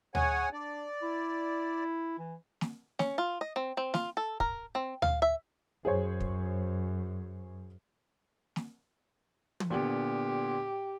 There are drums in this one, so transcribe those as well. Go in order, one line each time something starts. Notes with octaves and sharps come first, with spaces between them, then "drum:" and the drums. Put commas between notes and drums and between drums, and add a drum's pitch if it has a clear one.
G#4 C#5 F#5 G#5, drum: tom D2
D4 D5
E4
E3
drum: snare
C#4, drum: snare
F4
D#5
C4
C4
F4, drum: snare
A4
A#4, drum: kick
C4
F5, drum: tom D2
E5
F#2 G#4 C5 C#5
drum: kick
drum: snare
drum: tom
A#2 D3 B3 G4